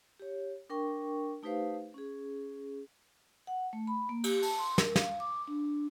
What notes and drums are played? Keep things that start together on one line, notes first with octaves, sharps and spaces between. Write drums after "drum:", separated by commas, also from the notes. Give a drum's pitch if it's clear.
G4 C#5
D4 A#4 G5 C#6
A3 D#4 G4 B4 C5 F5
C#4 G#4
F#5
A3
B5
A#3
G4, drum: cymbal
A5, drum: open hi-hat
C6
A#4, drum: snare
F5, drum: snare
D6
D4